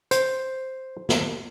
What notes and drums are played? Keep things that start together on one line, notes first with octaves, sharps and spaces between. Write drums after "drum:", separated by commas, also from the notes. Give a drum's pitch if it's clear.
C5, drum: hi-hat
drum: snare